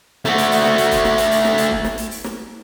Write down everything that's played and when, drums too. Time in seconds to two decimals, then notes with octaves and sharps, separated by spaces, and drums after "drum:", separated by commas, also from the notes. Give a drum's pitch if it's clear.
0.25 A3 F#4, drum: snare
0.38 drum: hi-hat
0.52 drum: open hi-hat
0.65 drum: snare
0.78 drum: hi-hat
0.91 drum: kick, hi-hat
1.05 drum: snare
1.18 drum: hi-hat
1.31 drum: open hi-hat
1.45 drum: snare
1.58 drum: hi-hat
1.71 drum: kick
1.84 drum: snare
1.98 drum: hi-hat
2.11 drum: open hi-hat
2.24 drum: snare